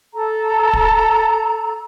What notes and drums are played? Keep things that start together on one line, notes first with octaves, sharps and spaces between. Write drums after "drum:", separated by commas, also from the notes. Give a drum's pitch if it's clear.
A4 A#5
drum: kick